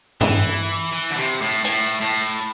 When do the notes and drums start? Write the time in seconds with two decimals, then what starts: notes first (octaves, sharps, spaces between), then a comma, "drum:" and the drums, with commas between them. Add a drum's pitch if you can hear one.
0.21 E3, drum: tom G2
0.93 E3
1.11 D3
1.17 C3
1.41 A2
1.64 A2, drum: hi-hat
2.01 A2